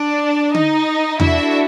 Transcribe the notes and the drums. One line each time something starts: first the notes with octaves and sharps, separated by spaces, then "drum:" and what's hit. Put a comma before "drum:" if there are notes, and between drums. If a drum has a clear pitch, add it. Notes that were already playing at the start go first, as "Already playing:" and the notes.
Already playing: D4 D5
D#4 D#5, drum: tom D3
D4 E4 F#4 A4 E5, drum: tom E2